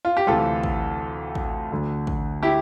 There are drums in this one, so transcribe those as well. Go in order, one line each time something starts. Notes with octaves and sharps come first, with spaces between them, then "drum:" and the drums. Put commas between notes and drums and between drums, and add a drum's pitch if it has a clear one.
F4
G4
D2 C3 E3 F4 A4
drum: kick
drum: kick
D2 D3
drum: kick
E4 G4